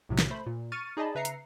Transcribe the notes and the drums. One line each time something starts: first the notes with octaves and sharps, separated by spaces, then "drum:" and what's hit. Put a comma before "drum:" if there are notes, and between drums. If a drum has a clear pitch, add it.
B1 A2 C3 F#3
drum: snare
A3 C5 B5
A#2
C#6 F6 A6 C#7 D#7
D#4 G#4 D5 D#5 A5 B5
C#3 B4 E5 A#5 C7 C#7
drum: hi-hat